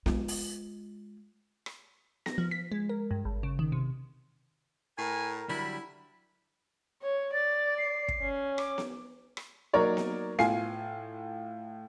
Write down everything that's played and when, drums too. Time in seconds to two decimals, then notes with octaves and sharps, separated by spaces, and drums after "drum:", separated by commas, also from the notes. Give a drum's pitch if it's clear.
0.06 G#3 F4, drum: snare B3
0.28 drum: open hi-hat
1.66 drum: rim click
2.26 A#6, drum: snare B3
2.38 F3
2.51 B6
2.72 G#3
2.89 A#4
3.11 G2
3.25 G#1
3.43 C#3
3.59 D#3
3.72 C3
4.98 A2 A#4 G#5
5.49 D3 F#3 G3 E4 B5
7.02 C#5
7.33 D5 A6
7.78 C7
8.08 drum: kick
8.21 C#4
8.58 D6, drum: rim click
8.78 drum: snare B3
9.37 drum: rim click
9.73 F#3 A#3 D#4 A#4 C#5 D5
9.97 drum: snare B3
10.39 A2 F4 G#5 C7, drum: snare B3